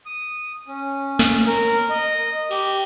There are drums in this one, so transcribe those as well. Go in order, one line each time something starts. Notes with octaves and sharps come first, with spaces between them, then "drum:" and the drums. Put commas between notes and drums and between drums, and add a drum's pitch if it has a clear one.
D#6
C#4
drum: snare
A#4
D#5
G4, drum: cymbal